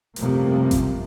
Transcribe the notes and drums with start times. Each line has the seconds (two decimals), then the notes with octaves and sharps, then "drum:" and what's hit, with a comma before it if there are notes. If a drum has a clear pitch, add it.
0.16 F#2 C3 F3 G3 A3 A#3, drum: hi-hat
0.71 drum: kick G#1, hi-hat